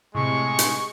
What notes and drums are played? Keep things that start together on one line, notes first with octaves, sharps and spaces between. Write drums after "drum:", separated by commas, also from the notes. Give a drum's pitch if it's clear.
A2 C3 G#3 C#6
drum: hi-hat